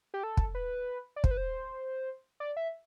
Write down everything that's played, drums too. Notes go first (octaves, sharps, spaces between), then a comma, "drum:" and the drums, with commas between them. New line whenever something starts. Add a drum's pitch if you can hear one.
G4
A4
drum: kick
B4
D5
C5, drum: kick
B4
C5
D5
E5